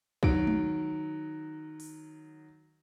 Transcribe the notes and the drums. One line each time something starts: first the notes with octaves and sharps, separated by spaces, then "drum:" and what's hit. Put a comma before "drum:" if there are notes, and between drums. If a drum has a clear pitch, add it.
D#3 F#3 D7, drum: kick
drum: tom G#3
drum: open hi-hat